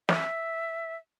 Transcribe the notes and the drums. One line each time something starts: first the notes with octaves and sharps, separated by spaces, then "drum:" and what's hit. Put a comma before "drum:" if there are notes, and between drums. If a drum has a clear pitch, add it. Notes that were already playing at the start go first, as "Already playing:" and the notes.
E5, drum: snare